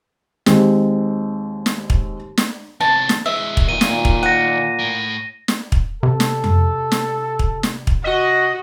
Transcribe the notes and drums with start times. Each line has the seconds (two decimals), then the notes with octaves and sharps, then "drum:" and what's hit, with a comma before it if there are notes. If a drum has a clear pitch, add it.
0.46 D#2 G#3 C4, drum: snare
1.66 drum: snare
1.90 drum: kick
2.37 drum: snare
2.80 E2 C3 A5
3.09 drum: snare
3.26 E3 G#3 E5
3.57 drum: kick
3.69 A#2 D#3 F#3 D#7
3.81 drum: snare
4.05 drum: kick
4.23 F#5 A#6 D#7
4.79 A2
5.48 drum: snare
5.72 drum: kick
6.03 C3 A4
6.20 drum: snare
6.44 drum: tom F2
6.92 drum: snare
7.39 drum: kick
7.63 drum: snare
7.87 drum: kick
8.04 F#4 D#5